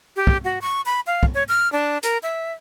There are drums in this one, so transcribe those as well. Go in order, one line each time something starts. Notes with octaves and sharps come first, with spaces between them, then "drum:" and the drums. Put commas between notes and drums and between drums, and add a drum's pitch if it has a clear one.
G4
drum: kick
F#4
C#6
B5
F5
drum: kick
C#5
F6
D4
A#4, drum: hi-hat
E5